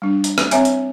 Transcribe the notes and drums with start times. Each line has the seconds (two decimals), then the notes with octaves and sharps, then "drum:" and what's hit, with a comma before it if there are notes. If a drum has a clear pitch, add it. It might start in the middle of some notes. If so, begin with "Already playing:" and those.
0.02 G3 D4
0.24 drum: hi-hat
0.38 drum: rim click
0.51 C4 C#5 E5 G#5, drum: hi-hat
0.65 drum: hi-hat